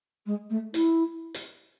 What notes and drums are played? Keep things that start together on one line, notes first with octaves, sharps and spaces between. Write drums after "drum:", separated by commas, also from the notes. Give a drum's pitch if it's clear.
G#3
A3
E4, drum: hi-hat
drum: hi-hat